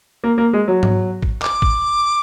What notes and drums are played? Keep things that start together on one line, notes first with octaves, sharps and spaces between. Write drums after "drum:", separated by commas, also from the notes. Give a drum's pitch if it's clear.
A#3
A#3
G#3
F#3
drum: tom G#2
drum: kick
D6, drum: clap
drum: kick